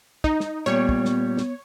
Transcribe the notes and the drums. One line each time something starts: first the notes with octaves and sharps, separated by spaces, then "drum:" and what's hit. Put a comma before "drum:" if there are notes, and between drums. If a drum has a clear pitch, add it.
D#4, drum: kick
drum: snare
A#2 G3 B3 C#5
drum: kick
drum: snare
drum: snare